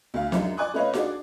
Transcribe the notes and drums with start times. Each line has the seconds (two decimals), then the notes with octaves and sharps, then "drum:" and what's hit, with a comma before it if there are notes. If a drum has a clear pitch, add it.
0.14 D2 F5
0.32 F#2 G#3 D4, drum: snare D#4
0.57 D5 G#5 C#6 D#6 F#6
0.74 A3 C#4 B4 C#5 D#5 F5
0.94 D4 F#4 G#4 D5, drum: snare D#4